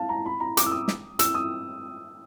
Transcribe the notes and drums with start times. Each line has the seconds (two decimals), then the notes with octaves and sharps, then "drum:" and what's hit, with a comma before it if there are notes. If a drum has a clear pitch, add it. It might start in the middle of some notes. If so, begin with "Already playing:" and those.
Already playing: F5 A5
0.09 A#5
0.26 B5
0.40 A#5
0.57 D6, drum: hi-hat
0.66 E6
0.72 D#6
0.88 drum: snare
1.19 E6, drum: hi-hat
1.34 D#6